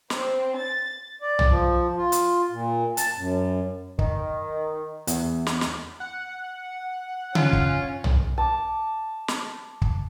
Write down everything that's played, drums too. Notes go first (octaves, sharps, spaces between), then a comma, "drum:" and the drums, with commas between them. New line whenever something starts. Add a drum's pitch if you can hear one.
C4, drum: snare
A6
D5
drum: tom
F3
F4
drum: hi-hat
A#2
A5, drum: hi-hat
F#2
D#3, drum: kick
E2, drum: hi-hat
drum: snare
drum: snare
F#5
C#4 F4, drum: tom C#3
drum: kick
drum: tom
A5 D6
drum: snare
drum: kick